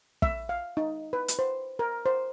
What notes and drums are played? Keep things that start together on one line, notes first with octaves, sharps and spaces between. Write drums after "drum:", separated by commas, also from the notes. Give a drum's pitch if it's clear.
E5, drum: kick
F5
D#4
B4
drum: hi-hat
C5
A#4
C5